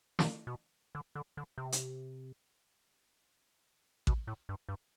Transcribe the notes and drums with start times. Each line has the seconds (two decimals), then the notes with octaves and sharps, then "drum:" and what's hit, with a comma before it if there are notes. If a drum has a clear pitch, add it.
0.19 C3, drum: snare
0.47 B2
0.95 D3
1.15 D3
1.37 D3
1.58 C3
1.72 drum: hi-hat
4.07 B2, drum: kick A1
4.27 A2
4.49 G2
4.69 G2